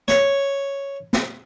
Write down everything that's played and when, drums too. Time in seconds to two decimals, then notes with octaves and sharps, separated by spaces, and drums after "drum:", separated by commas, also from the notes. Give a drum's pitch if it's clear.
0.08 C#5, drum: snare
1.13 drum: snare